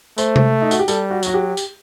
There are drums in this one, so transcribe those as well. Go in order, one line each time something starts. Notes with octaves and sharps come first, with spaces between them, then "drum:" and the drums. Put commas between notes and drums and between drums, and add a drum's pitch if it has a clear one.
A3 C5, drum: tambourine
drum: tom C3
D#4
F#4, drum: tambourine
G4
G3 A4, drum: tambourine
F#4
F#3 F#4, drum: tambourine
G4
drum: tambourine